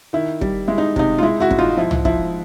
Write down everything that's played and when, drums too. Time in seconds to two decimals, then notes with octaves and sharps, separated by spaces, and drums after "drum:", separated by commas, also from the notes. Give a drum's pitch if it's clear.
0.13 D#3 E4
0.41 G3, drum: kick
0.68 G#3 E4
0.78 D#4
0.96 C3 D#4, drum: kick
1.18 F4
1.22 G#3 E4
1.40 E4 F#4
1.51 G#2, drum: kick
1.58 D#4 F4
1.77 F3 E4
1.91 drum: tom C2
2.05 F3 E4, drum: kick